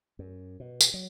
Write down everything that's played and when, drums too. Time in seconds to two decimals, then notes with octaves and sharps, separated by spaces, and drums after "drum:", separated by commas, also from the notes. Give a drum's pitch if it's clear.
0.19 F#2
0.60 B2
0.81 drum: tambourine
0.94 F#3